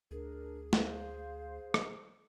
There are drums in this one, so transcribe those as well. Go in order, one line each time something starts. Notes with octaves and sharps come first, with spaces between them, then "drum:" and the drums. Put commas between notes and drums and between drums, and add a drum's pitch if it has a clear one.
D2 D4 G#4 A#4
C5 F5, drum: snare
drum: rim click